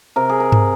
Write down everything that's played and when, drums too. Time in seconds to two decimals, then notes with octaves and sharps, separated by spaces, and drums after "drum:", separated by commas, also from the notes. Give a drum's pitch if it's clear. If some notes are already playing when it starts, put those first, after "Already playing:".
0.16 C3 A#4
0.29 G#4
0.40 A#4
0.52 drum: tom G2